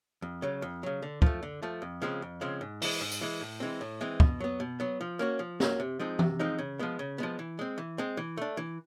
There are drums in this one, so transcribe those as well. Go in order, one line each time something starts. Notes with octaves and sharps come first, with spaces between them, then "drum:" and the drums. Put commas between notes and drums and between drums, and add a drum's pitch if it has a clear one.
F2
C#3 F#3
F2
C#3 F#3
D3
F3 A3, drum: kick
D3
F3 A3
F2
C#3 F3 G#3 C4
F2
C#3 F3 G#3 C4
G#2
E3 G#3, drum: open hi-hat
G#2
drum: tambourine
E3 G#3
A2
E3 G#3 C4
A2
E3 G#3 C4
B2, drum: kick
F#3 B3
B2
F#3 B3
F3
A#3 C#4 F#4
F3
A#3 C#4 F#4, drum: snare
C3
F3 G#3 C4 D#4
C3, drum: tom E3
F3 G#3 C4 D#4
C#3
F3 G#3 B3
C#3
F3 G#3 B3
E3
G#3 C4
E3
G#3 C4
E3
A3 D4
E3